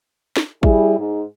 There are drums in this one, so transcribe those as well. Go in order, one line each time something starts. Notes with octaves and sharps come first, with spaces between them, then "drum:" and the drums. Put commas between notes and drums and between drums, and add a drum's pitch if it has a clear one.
drum: snare
G3 E4 G#4, drum: kick
G#2